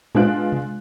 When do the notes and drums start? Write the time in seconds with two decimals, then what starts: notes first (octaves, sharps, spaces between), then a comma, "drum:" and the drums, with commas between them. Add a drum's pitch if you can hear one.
0.15 G#3 B3 D4 F4 F#6 D7, drum: tom A2
0.52 drum: tom C3